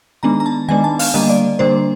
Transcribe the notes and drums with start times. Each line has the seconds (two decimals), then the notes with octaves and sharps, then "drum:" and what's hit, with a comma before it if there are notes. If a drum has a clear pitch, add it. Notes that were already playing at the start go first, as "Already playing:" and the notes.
0.23 D#3 G#3 B3 D4 A#5
0.40 A#5
0.46 A5
0.68 D#3 G#3 B3 D4 G#5
0.84 A5
0.99 F5, drum: open hi-hat
1.14 D3 G3 A#3 D4 D#5
1.29 D5
1.59 D3 G3 A#3 D4 C5